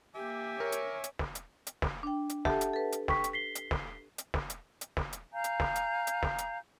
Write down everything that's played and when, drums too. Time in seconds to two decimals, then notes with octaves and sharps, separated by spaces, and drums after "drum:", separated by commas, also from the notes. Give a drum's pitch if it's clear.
0.15 A#3 G4 E5 G#5 D6
0.60 A#4 C#5
0.72 drum: hi-hat
1.04 drum: hi-hat
1.19 drum: snare
1.35 drum: hi-hat
1.67 drum: hi-hat
1.82 drum: snare
2.03 D4 G5
2.29 drum: hi-hat
2.45 G4 A4 E5 F#5 A5, drum: snare
2.61 drum: hi-hat
2.73 A4 B4
2.92 drum: hi-hat
3.08 G5 C#6 B6, drum: snare
3.24 drum: hi-hat
3.33 B6 C7 G7
3.55 drum: hi-hat
3.71 drum: snare
4.18 drum: hi-hat
4.34 drum: snare
4.50 drum: hi-hat
4.81 drum: hi-hat
4.97 drum: snare
5.13 drum: hi-hat
5.33 F5 G#5 A#5 G6
5.44 drum: hi-hat
5.60 drum: snare
5.75 drum: hi-hat
6.07 drum: hi-hat
6.23 drum: snare
6.38 drum: hi-hat